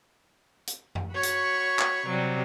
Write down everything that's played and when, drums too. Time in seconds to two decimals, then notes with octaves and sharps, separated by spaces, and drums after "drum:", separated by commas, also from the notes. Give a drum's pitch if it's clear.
0.67 drum: hi-hat
0.95 drum: tom F#2
1.13 F#4 C#5 B5 C#6
1.23 drum: hi-hat
1.79 drum: clap
2.07 C3 F#3 G3